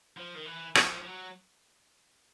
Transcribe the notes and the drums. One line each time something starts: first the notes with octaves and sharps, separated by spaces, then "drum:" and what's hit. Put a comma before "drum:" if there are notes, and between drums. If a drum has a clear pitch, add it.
F3
D#3
E3
F3, drum: rim click
F3
F#3